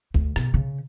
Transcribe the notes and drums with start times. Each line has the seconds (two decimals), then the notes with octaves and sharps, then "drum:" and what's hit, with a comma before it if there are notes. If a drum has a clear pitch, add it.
0.14 D2, drum: kick G1
0.36 B2, drum: rim click
0.54 C#3